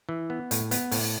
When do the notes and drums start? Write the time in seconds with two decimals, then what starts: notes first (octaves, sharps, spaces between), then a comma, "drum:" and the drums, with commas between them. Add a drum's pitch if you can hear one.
0.09 E3
0.30 B3
0.51 A2, drum: hi-hat
0.71 B3, drum: hi-hat
0.91 A2, drum: open hi-hat